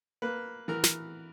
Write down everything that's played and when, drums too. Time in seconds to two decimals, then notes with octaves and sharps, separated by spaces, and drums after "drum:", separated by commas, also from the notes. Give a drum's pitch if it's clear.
0.22 A#3 B4
0.68 E3 A#4
0.84 drum: snare